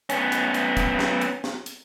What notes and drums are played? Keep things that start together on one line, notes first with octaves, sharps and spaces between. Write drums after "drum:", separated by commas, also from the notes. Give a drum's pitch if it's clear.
B3 C#4, drum: hi-hat
drum: hi-hat
drum: hi-hat
drum: kick, hi-hat
drum: snare
drum: hi-hat
drum: snare
drum: hi-hat